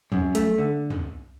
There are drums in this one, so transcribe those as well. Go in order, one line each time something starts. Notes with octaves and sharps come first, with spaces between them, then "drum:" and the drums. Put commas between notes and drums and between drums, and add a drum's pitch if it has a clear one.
F#2, drum: tom
A3, drum: hi-hat
D3
drum: tom